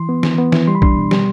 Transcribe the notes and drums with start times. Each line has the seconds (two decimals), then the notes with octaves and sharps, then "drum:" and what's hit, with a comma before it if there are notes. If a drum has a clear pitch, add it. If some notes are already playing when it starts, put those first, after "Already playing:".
Already playing: E3 C6
0.09 B3
0.23 E3, drum: snare
0.38 B3
0.52 E3, drum: snare
0.68 G3 C6
0.75 B5
0.82 D4 C6, drum: kick
0.96 B2
1.11 G3, drum: snare